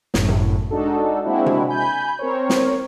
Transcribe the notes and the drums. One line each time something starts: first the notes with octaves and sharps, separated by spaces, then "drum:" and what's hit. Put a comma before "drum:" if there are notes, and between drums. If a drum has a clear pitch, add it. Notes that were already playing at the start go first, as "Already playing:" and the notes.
G1 F#2 A2, drum: snare
drum: tom C3
G#3 D4 D#4 F#4 A4
G#3 A#3 C4 D4 E4 F#4
drum: tom C3
G#5 B5 G6
C4 A#4 C5 C#5
drum: snare